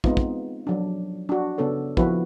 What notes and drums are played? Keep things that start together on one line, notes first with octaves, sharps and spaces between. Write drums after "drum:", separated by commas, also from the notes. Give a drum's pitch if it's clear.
G#3 B3 C4 D#4 F4, drum: kick
drum: kick
F3 F#3 D4
D4 F#4
C#3 B3 D4 A4 C#5
F3 B3 E4 F#4 B4, drum: kick